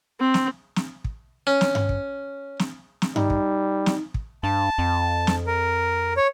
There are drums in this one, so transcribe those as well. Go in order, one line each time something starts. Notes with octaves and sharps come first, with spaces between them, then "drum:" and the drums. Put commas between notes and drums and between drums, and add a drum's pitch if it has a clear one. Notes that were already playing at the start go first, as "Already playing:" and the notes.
C4
drum: snare
drum: snare
drum: kick
C#4
drum: snare
drum: tom G2
drum: kick
drum: snare
drum: snare
G3 D#4, drum: tom G2
drum: kick
drum: snare
drum: kick
G2 A5
F2
drum: snare
A#4
C#5